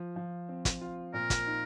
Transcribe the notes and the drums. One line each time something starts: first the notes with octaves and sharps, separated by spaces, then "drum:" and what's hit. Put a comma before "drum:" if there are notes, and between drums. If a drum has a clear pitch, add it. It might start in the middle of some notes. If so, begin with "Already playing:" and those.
Already playing: F3
F3
C4
drum: kick, hi-hat
F4
A#2 A#4
drum: kick, hi-hat
D#4